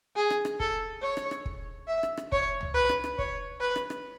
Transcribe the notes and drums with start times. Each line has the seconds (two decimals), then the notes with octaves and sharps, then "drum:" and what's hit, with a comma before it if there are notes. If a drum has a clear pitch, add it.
0.16 G#4
0.30 drum: rim click
0.45 drum: rim click
0.60 A4, drum: kick
1.02 C#5
1.17 drum: rim click
1.31 drum: rim click
1.46 drum: kick
1.88 E5
2.03 drum: rim click
2.17 drum: rim click
2.32 C#5, drum: kick
2.61 drum: tom
2.74 B4
2.89 drum: rim click
3.04 drum: rim click
3.19 C#5, drum: kick
3.61 B4
3.76 drum: rim click
3.90 drum: rim click